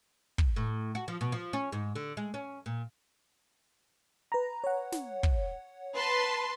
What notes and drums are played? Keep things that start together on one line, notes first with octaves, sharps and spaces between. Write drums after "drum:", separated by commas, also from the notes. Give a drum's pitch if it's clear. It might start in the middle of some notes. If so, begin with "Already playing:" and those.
drum: kick
A2
F#4
F3
B2
F3
C#4
G#2
D3
G#3
C#4
A#2
B4 A#5
C#5 F#5
drum: snare
drum: kick
B4 A5 C6